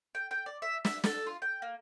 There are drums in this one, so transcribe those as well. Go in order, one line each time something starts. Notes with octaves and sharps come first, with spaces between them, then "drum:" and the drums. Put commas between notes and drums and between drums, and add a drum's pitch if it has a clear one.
G5
G5
D5
E5
E5, drum: snare
A4, drum: snare
F4
G5
A#3